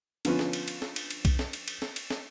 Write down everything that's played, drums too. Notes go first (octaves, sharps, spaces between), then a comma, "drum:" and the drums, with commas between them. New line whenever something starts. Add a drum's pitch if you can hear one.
D3 F3 B3 C#4 F4, drum: cymbal
drum: snare
drum: cymbal
drum: cymbal
drum: snare
drum: cymbal
drum: cymbal
drum: kick B1, cymbal
drum: snare
drum: cymbal
drum: cymbal
drum: snare
drum: cymbal
drum: snare